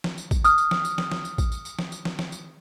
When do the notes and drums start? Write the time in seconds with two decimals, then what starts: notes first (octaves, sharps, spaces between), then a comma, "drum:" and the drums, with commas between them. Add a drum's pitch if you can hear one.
0.04 drum: snare
0.18 drum: tambourine
0.31 drum: kick A1, tambourine
0.44 D#6 F6, drum: tambourine
0.58 drum: tambourine
0.71 drum: snare
0.85 drum: tambourine
0.98 drum: snare
1.12 drum: snare
1.25 drum: tambourine
1.38 drum: kick A1, tambourine
1.52 drum: tambourine
1.65 drum: tambourine
1.79 drum: snare
1.92 drum: tambourine
2.05 drum: snare
2.19 drum: snare
2.32 drum: tambourine